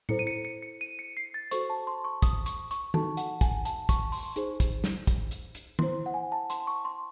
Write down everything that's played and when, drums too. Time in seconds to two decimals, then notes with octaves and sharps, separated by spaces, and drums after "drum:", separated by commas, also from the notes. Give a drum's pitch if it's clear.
0.09 E4 A4 C5 C#7, drum: tom A2
0.19 D#7
0.27 C#7
0.45 C#7
0.62 C#7
0.81 D#7
0.99 C#7
1.17 C7
1.34 A6
1.51 F#4 A4 C5 C#6, drum: hi-hat
1.70 A5
1.87 C6
2.04 C#6
2.22 D#6, drum: kick, hi-hat
2.46 C#6, drum: hi-hat
2.71 C#6, drum: hi-hat
2.94 D#4 F#4 A4 A5, drum: tom
3.17 F#5, drum: hi-hat
3.41 G#5, drum: kick, hi-hat
3.65 A5, drum: hi-hat
3.89 C#6, drum: kick, hi-hat
4.12 C6, drum: open hi-hat
4.36 D#4 G#4 C5, drum: hi-hat
4.60 drum: kick, hi-hat
4.84 drum: snare
5.07 drum: kick, hi-hat
5.31 drum: hi-hat
5.55 drum: hi-hat
5.79 E4 C5 C6, drum: tom
6.06 F#5
6.14 G#5
6.32 A5
6.50 C6, drum: hi-hat
6.67 C#6
6.85 C6